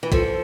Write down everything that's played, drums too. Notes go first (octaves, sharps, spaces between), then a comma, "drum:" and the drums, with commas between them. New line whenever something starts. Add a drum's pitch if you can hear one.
E3
F3 A4, drum: kick A#1